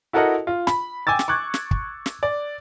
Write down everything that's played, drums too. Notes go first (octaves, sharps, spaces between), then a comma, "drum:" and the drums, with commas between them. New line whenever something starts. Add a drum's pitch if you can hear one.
E4 F#4 A4 A#4 D#5 F#5
F4
B5, drum: snare
G5 G#5 D6 E6 A6
drum: snare
C#6 D6 F#6 G#6
drum: snare
drum: kick
drum: snare
D5